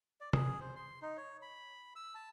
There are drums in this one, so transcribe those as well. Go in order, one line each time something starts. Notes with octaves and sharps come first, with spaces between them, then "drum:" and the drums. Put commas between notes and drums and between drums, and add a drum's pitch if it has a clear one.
D5
G#4, drum: tom
C5
C6
D#4
C#5
B5
E6
A5